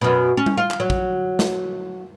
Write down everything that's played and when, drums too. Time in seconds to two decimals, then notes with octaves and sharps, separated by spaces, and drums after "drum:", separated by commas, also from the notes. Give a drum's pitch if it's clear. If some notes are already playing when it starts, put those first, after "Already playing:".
0.01 F#2 B2
0.37 C#4
0.46 drum: tom G3
0.57 F4
0.71 drum: clap
0.80 F#3
0.90 drum: kick
1.39 drum: snare